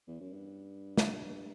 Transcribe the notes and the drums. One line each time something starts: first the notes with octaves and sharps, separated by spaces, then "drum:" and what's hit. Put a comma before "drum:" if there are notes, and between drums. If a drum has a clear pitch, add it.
E2
F#2
G2
drum: snare